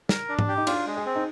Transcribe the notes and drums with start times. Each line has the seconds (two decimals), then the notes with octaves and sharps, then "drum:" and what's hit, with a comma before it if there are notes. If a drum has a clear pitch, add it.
0.09 A#4, drum: snare
0.29 D4
0.39 drum: tom G#2
0.48 G4
0.57 D#4
0.67 D4 F4, drum: cymbal
0.86 G#3
0.96 G#4
1.06 C4
1.15 D#4